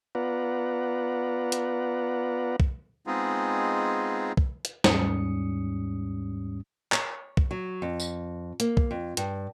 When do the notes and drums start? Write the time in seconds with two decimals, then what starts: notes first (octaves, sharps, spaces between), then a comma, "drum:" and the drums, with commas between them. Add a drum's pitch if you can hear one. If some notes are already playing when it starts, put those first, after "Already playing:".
0.15 B3 F4 B4 D5 F#5 A#5
1.52 drum: hi-hat
2.60 drum: kick
3.07 G#3 B3 C4 D#4 F4 G#4
4.37 drum: kick
4.65 drum: hi-hat
4.84 D#2 G#2 G3 C#4 D#6 C#7, drum: snare
6.92 C#5, drum: clap
7.37 drum: kick
7.51 F#3
7.82 F2
8.00 drum: tambourine
8.60 A#3, drum: hi-hat
8.77 drum: kick
8.91 F2
9.17 G2, drum: hi-hat